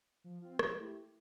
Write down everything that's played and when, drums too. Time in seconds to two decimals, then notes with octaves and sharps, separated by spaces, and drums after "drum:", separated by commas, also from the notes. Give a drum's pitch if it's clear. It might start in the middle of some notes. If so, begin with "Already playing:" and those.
0.24 F3
0.42 C4 F4
0.59 F3, drum: rim click
0.78 A3 E4 G4